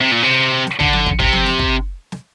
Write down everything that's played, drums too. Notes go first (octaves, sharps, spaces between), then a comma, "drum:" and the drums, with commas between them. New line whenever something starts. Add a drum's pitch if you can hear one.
C3
A#2
C3
drum: snare
D3, drum: kick
drum: tom F3
drum: kick
C3, drum: kick
drum: tom F3
drum: snare
drum: kick
drum: snare